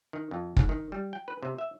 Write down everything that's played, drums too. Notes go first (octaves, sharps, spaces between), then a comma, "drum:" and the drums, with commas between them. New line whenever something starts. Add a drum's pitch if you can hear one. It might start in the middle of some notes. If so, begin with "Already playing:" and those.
D#3
F2
G#2, drum: kick
D#3
G3
G5
B4
C3
E5